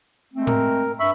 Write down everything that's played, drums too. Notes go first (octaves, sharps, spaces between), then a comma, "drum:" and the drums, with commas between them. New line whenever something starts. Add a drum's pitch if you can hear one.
G#3 A3 C4
A#4, drum: tom A2
G2 E5 B5 C#6 E6